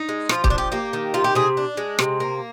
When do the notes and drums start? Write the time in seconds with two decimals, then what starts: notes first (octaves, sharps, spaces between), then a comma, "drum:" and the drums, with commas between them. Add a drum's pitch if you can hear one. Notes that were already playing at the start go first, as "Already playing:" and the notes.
Already playing: D#4
0.09 G#3
0.29 F3 F4, drum: rim click
0.44 G4, drum: kick
0.50 D4
0.58 G4
0.72 A#3 G4
0.93 D#3
1.14 C3 F4
1.24 G4
1.35 C3 G#4
1.57 D4
1.77 G#3
1.99 C3, drum: rim click
2.20 A#3